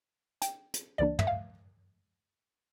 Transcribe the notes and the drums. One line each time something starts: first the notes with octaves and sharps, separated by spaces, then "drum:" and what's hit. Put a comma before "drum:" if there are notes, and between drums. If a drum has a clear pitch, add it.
G5, drum: hi-hat
drum: hi-hat
C#2 C#3 E3 A#3 D4 D5
E5, drum: tom
F5